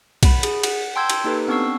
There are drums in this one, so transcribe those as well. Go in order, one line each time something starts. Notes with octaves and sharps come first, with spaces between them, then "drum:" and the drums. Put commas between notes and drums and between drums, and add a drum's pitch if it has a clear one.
F#5 B5, drum: kick B1, cymbal
G#4, drum: cymbal
F#5, drum: cymbal
G5 A5 C6 E6 G6 G#6
drum: cymbal
A#3 D#4 G4 A4 B4
B3 C4 D4 C#6 E6 C7